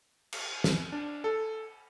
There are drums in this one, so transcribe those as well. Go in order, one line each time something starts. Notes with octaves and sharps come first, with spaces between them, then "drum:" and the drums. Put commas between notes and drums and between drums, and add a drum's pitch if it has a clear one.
drum: cymbal
drum: snare
D4
A4